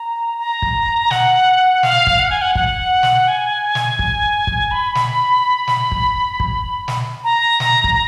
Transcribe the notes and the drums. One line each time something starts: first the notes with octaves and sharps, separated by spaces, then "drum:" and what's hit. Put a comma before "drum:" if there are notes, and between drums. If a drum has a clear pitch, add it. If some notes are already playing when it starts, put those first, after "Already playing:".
Already playing: A#5
A#5
drum: kick
F#5, drum: snare
F5, drum: snare
drum: kick
F#5
G#5
F#5
F#5, drum: kick
drum: snare
G#5
drum: snare
drum: kick
drum: kick
B5
drum: snare
drum: snare
drum: kick
drum: kick
drum: snare
A#5
drum: snare
drum: kick